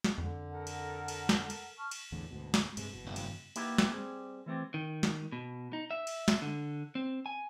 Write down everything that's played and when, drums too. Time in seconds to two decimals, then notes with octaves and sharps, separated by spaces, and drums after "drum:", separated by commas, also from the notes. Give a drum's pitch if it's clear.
0.04 drum: snare
0.18 F2 D3
0.50 A4 A#4 F#5
0.67 drum: cymbal
1.08 drum: cymbal
1.29 drum: snare
1.50 drum: cymbal
1.78 A5 C#6 F6
1.91 drum: cymbal
2.12 E2 A2 D3
2.31 D2 G#2 B2
2.54 drum: snare
2.77 G2 C3 G#3, drum: cymbal
2.93 F#1 B2
3.05 G2 C#3
3.16 drum: cymbal
3.56 A#3 B3 D#4 E4 G4, drum: cymbal
3.78 drum: snare
3.92 G3 C4 G#4
4.46 E3 A3 C4 G4
4.74 D#3
5.03 drum: snare
5.32 B2
5.73 D#4
5.91 E5
6.07 drum: cymbal
6.28 drum: snare
6.42 D3
6.95 C4
7.26 G#5